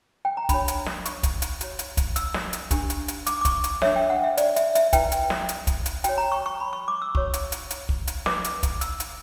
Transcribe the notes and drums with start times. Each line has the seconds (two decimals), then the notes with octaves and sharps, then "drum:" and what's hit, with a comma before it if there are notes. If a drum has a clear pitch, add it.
0.25 G5
0.37 A#5
0.49 D4 F#4 C#5 B5, drum: kick, hi-hat
0.68 drum: hi-hat
0.86 drum: snare
1.05 C#6, drum: hi-hat
1.23 drum: kick, hi-hat
1.42 drum: hi-hat
1.61 F#4 C#5, drum: hi-hat
1.79 drum: hi-hat
1.97 drum: kick, hi-hat
2.16 E6, drum: hi-hat
2.34 drum: snare
2.53 drum: hi-hat
2.71 D4 G4 A#4, drum: kick, hi-hat
2.90 drum: hi-hat
3.08 drum: hi-hat
3.26 D6, drum: hi-hat
3.41 D6
3.45 C#6, drum: kick, hi-hat
3.64 drum: hi-hat
3.82 D4 A#4 C#5 E5, drum: snare
3.96 G5
4.10 F#5
4.24 E5
4.37 D5, drum: hi-hat
4.56 E5, drum: hi-hat
4.75 E5, drum: hi-hat
4.93 E4 B4 G5, drum: kick, hi-hat
5.12 drum: hi-hat
5.30 drum: snare
5.49 drum: hi-hat
5.67 drum: kick, hi-hat
5.86 drum: hi-hat
6.04 F#4 C#5 G5, drum: hi-hat
6.18 A#5
6.32 C#6
6.46 C#6
6.60 B5
6.73 C#6
6.88 D6
7.02 E6
7.15 F#4 C#5 C#6, drum: kick
7.34 drum: hi-hat
7.52 drum: hi-hat
7.71 drum: hi-hat
7.89 drum: kick
8.07 drum: hi-hat
8.26 E4 B4 D6, drum: snare
8.44 drum: hi-hat
8.63 drum: kick, hi-hat
8.81 E6, drum: hi-hat
9.00 drum: hi-hat